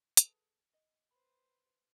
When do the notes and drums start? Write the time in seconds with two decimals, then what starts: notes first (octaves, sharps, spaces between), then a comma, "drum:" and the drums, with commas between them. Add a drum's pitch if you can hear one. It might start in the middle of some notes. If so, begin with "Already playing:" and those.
0.17 G#4 A4 B4, drum: hi-hat
0.73 D#5
1.11 B4 C5 B5